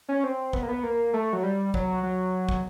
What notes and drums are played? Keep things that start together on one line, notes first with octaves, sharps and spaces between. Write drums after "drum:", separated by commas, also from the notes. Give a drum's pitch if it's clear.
C#4
C4
B3, drum: kick
A#3
B3
A#3
A3
F#3
G3
F#3, drum: kick
F#3
drum: kick